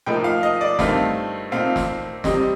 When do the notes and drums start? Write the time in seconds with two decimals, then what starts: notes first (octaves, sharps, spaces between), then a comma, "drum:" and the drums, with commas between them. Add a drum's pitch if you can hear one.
0.06 A2 F3 A#3 D#4 G5
0.24 F5
0.43 D#5
0.61 D5
0.79 G2 D#3 A3 C4 D#4 F5, drum: snare
1.51 A#2 A3 C4 D#4 F5
1.76 drum: snare
2.24 C3 G3 C4 D#5, drum: snare